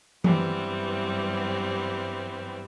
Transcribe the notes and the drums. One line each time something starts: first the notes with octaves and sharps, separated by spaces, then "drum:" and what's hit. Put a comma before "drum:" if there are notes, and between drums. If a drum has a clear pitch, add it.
G2 E3 F#3 G3 B3 C4, drum: tom E3